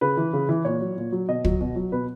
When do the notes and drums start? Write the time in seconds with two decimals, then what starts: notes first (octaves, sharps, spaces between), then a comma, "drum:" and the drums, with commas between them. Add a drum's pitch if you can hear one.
0.01 C#3 B4
0.17 E3
0.33 C#3
0.49 E3
0.65 A#2 C#5
0.81 F#3
0.97 A#2
1.12 F#3
1.29 B2 D#5
1.44 F#3, drum: kick
1.61 B2
1.76 F#3
1.92 B2 B4